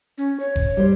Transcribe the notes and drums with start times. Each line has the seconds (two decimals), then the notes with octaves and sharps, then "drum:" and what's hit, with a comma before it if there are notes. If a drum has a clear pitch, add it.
0.18 C#4
0.40 C#5
0.56 drum: kick F1
0.77 G3 C5